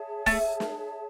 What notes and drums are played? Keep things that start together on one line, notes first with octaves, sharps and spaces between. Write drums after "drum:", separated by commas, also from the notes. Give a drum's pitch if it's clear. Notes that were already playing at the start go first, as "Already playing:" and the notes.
Already playing: G#4 C#5 E5 A5
A3, drum: kick, open hi-hat
drum: snare